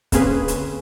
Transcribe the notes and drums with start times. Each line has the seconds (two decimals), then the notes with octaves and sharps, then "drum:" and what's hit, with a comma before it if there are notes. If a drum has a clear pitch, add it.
0.12 D3 A#3 C4 C#4 G#4 B4, drum: kick, hi-hat
0.48 drum: hi-hat